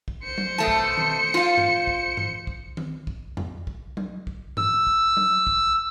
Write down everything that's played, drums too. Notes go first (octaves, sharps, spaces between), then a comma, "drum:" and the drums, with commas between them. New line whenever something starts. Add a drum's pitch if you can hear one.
drum: kick
C5 C#7
drum: tom F#3
B2 A3 A5
drum: kick
drum: tom D#3
F4 F5
drum: tom G2
drum: kick
drum: tom G2
drum: kick
drum: tom D#3
drum: kick
drum: tom E2
drum: kick
drum: tom F#3
drum: kick
E6, drum: tom G2
drum: kick
drum: tom F#3
drum: kick